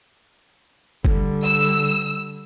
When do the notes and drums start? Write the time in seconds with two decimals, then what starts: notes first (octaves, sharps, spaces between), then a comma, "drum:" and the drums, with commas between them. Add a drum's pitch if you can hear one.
1.05 D3 G3, drum: kick
1.45 E6